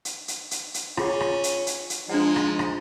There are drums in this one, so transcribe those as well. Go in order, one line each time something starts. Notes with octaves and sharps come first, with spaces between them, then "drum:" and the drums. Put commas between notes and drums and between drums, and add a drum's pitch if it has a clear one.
drum: hi-hat
drum: hi-hat
drum: hi-hat
drum: hi-hat
C#4 F4 G#4 F#5, drum: rim click
drum: rim click
drum: hi-hat
drum: hi-hat
drum: hi-hat
F3 G#3 D4 D#4 F#5
drum: rim click
drum: rim click